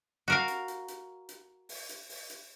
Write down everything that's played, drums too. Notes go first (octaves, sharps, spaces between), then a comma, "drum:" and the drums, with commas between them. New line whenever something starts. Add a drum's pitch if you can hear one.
F#4 A#4 F5
drum: hi-hat
drum: hi-hat
drum: hi-hat
drum: hi-hat
drum: open hi-hat
drum: hi-hat
drum: open hi-hat
drum: hi-hat